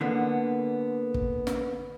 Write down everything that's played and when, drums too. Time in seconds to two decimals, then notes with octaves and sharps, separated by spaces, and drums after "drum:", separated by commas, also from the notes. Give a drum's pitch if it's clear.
0.01 D3 A#3 B3 D4
1.14 drum: kick
1.47 drum: snare